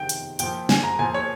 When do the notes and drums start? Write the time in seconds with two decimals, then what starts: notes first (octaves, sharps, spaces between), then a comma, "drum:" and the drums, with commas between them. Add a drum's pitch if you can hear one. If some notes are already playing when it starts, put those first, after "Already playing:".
Already playing: C3 D#3 G5
0.09 drum: hi-hat
0.39 A#2 F3 G5, drum: hi-hat
0.69 G#5, drum: snare
0.84 A#5
0.99 A#2 F3 G#5
1.14 C#5